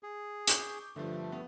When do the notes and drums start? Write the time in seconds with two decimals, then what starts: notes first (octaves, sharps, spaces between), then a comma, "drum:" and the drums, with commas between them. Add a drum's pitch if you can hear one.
0.03 G#4
0.47 C#6 D6 G6, drum: hi-hat
0.96 G2 D3 F3 A3
1.32 B3